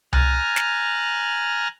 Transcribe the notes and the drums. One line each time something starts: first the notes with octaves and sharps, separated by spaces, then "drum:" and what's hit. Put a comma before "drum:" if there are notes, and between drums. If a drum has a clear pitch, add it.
G#5 A#5 F6 F#6 A6, drum: tom C2
drum: snare